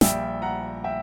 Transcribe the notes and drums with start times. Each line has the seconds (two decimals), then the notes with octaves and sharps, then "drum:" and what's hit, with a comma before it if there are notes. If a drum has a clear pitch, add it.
0.01 A#1 A#2 G3 E5 G5, drum: snare
0.42 F#5 A#5
0.84 E5 G5